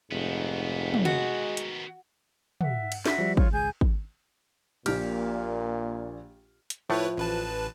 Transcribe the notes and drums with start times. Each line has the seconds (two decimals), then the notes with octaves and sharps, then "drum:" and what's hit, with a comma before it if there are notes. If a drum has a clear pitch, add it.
0.11 F1 G#2 D#3 B3
0.94 drum: tom
1.05 G#3 F#4
1.57 drum: hi-hat
2.61 E5 F#5, drum: tom
2.92 drum: cymbal
3.05 F#4 E5, drum: snare
3.18 F3 G3
3.37 F4 C#5, drum: kick G#1
3.53 G#1 C#2 G#4 G#5 G6
3.81 drum: kick G#1
4.86 A#1 A#2 A#3 G4 F6, drum: cymbal
6.70 drum: hi-hat
6.90 A2 F3 A3 E4 B4 C#5
7.17 A1 B4 A5